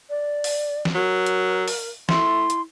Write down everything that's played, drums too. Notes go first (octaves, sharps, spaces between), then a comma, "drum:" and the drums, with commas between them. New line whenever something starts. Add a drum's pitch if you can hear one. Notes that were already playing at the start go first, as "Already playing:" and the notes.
D5
drum: open hi-hat
drum: snare
F#3 A#4
drum: hi-hat
drum: open hi-hat
A3 E4 C6, drum: snare
drum: hi-hat